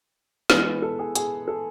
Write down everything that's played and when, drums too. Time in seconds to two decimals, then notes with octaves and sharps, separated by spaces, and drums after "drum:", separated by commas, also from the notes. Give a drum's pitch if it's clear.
0.50 E3 G#3 B3 E4 B4, drum: snare
0.66 B4
0.82 A4
0.99 G#4
1.15 G#4, drum: hi-hat
1.48 A4